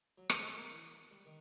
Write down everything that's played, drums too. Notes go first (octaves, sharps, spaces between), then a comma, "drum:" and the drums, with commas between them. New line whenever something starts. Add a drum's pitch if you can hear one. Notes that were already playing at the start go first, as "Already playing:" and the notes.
F#3
A3, drum: rim click
A#4
E3
F#5
G3
D#3